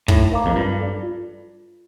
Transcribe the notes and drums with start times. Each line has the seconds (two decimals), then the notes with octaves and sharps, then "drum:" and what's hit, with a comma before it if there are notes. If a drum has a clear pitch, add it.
0.08 A2 D#4, drum: kick
0.32 A#4 F5 A#5 D6
0.46 F2
0.56 G2 F4
0.79 A4 D5
1.03 F4